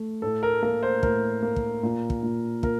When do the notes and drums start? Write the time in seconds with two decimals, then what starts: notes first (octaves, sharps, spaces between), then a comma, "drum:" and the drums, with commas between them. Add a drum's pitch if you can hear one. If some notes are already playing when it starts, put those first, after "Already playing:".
Already playing: A3
0.22 A2 A4
0.43 A#4
0.63 A#3 A#4
0.83 C5
1.03 A2 A#4, drum: kick
1.43 A#3
1.56 drum: kick
1.83 A#2
2.10 drum: kick
2.23 A#2
2.63 A#2 A#4, drum: kick